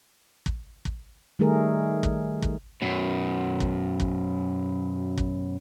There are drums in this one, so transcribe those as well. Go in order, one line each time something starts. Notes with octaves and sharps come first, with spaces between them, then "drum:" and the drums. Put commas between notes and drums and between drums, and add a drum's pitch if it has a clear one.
drum: kick
drum: kick
D#3 G3 A3 G#4 A#4
drum: kick
drum: kick
F#2 B2
drum: kick
drum: kick
drum: kick